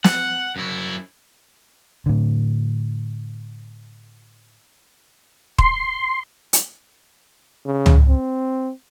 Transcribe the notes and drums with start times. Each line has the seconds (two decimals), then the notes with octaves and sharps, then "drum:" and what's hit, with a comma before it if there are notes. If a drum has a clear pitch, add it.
0.04 F#5, drum: snare
0.56 F#2 E4
2.06 A2 D3
5.58 C6, drum: kick
6.53 drum: hi-hat
7.66 C#3
7.86 drum: tom C#2
8.08 C4